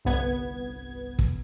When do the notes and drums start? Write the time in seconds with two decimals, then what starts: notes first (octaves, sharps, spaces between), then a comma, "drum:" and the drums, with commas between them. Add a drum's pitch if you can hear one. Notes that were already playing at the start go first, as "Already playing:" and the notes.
0.05 G1 C2 B3 G#6
1.19 drum: kick